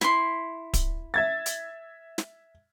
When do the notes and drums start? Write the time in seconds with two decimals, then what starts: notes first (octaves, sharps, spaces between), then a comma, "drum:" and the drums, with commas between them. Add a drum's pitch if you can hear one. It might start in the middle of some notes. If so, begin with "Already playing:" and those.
0.01 E4 C6, drum: snare
0.73 drum: kick D1, hi-hat
1.14 E5 G#6 A6
1.46 drum: hi-hat
2.18 drum: snare